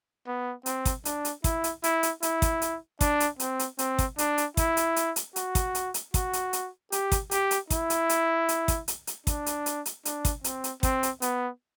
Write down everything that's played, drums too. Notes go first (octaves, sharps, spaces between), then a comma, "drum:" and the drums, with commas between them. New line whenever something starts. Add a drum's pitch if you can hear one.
B3
C4, drum: hi-hat
drum: kick, hi-hat
D4, drum: hi-hat
drum: hi-hat
E4, drum: kick, hi-hat
drum: hi-hat
E4, drum: hi-hat
drum: hi-hat
E4, drum: hi-hat
drum: kick, hi-hat
drum: hi-hat
D4, drum: kick, hi-hat
drum: hi-hat
C4, drum: hi-hat
drum: hi-hat
C4, drum: hi-hat
drum: kick, hi-hat
D4, drum: hi-hat
drum: hi-hat
E4, drum: kick, hi-hat
drum: hi-hat
drum: hi-hat
drum: hi-hat
F#4, drum: hi-hat
drum: kick, hi-hat
drum: hi-hat
drum: hi-hat
F#4, drum: kick, hi-hat
drum: hi-hat
drum: hi-hat
G4, drum: hi-hat
drum: kick, hi-hat
G4, drum: hi-hat
drum: hi-hat
E4, drum: kick, hi-hat
drum: hi-hat
drum: hi-hat
drum: hi-hat
drum: kick, hi-hat
drum: hi-hat
drum: hi-hat
D4, drum: kick, hi-hat
drum: hi-hat
drum: hi-hat
drum: hi-hat
D4, drum: hi-hat
drum: kick, hi-hat
C4, drum: hi-hat
drum: hi-hat
C4, drum: kick, hi-hat
drum: hi-hat
B3, drum: hi-hat